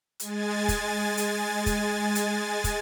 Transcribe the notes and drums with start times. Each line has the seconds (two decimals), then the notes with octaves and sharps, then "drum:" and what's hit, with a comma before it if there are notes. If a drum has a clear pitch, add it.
0.20 G#3 G#5 A6, drum: hi-hat
0.68 drum: kick, hi-hat
1.17 drum: hi-hat
1.66 drum: kick, hi-hat
2.15 drum: hi-hat
2.64 drum: kick, hi-hat